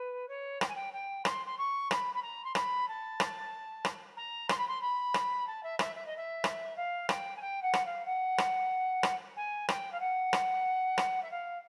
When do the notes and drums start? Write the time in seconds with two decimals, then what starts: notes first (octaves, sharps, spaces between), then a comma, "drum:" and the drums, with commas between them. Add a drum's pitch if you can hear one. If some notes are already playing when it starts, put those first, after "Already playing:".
Already playing: B4
0.28 C#5
0.61 G5, drum: rim click
0.68 G#5
0.75 G5
0.93 G5
1.25 C6, drum: rim click
1.46 C6
1.58 C#6
1.91 B5, drum: rim click
2.14 B5
2.22 A#5
2.44 C6
2.55 B5, drum: rim click
2.88 A5
3.20 drum: rim click
3.85 drum: rim click
4.16 A#5
4.49 C6, drum: rim click
4.58 B5
4.68 C6
4.81 B5
5.14 drum: rim click
5.47 A5
5.63 E5
5.79 E5, drum: rim click
5.95 E5
6.06 D#5
6.16 E5
6.44 drum: rim click
6.76 F5
7.09 G5, drum: rim click
7.36 G#5
7.41 G5
7.62 F#5
7.74 drum: rim click
7.85 F5
8.05 F#5
8.38 drum: rim click
9.03 drum: rim click
9.36 G#5
9.69 G5, drum: rim click
9.92 F5
10.00 F#5
10.33 drum: rim click
10.98 drum: rim click
11.22 E5
11.31 F5